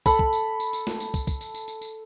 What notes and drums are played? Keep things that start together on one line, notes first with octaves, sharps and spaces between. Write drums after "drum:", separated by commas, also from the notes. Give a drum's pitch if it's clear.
A4 B5, drum: kick, tambourine
drum: kick
drum: tambourine
drum: tambourine
drum: tambourine
drum: snare
drum: tambourine
drum: kick, tambourine
drum: kick, tambourine
drum: tambourine
drum: tambourine
drum: tambourine
drum: tambourine